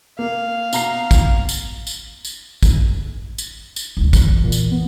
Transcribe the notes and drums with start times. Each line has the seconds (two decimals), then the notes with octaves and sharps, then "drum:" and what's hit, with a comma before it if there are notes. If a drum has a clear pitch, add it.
0.19 A#3 F5
0.73 B2 A#5 C7, drum: tambourine
1.11 drum: kick, tambourine
1.49 drum: tambourine
1.87 drum: tambourine
2.25 drum: tambourine
2.63 drum: kick, tambourine
3.38 drum: tambourine
3.76 drum: tambourine
3.97 E1 D2
4.13 E2, drum: kick, tambourine
4.43 A#2
4.52 drum: tambourine
4.71 B3